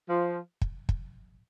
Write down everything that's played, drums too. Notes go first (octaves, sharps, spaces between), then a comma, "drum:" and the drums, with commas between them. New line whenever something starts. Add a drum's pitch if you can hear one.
F3
drum: kick
drum: kick